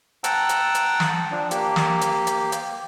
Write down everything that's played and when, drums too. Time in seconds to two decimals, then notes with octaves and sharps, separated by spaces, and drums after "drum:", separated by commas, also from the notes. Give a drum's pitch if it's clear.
0.24 F#5 G5 A5 A#5 E6, drum: hi-hat
0.49 drum: hi-hat
0.75 drum: hi-hat
1.00 drum: snare
1.31 F3 D4
1.51 A#3 G4, drum: hi-hat
1.76 drum: snare
2.01 drum: hi-hat
2.27 drum: hi-hat
2.52 drum: hi-hat